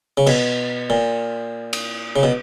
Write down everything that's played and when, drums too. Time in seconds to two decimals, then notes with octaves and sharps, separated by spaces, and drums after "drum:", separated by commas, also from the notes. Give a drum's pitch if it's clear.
0.17 C#3
0.27 B2, drum: cymbal
0.90 A#2
1.73 drum: cymbal
2.16 C#3
2.23 B2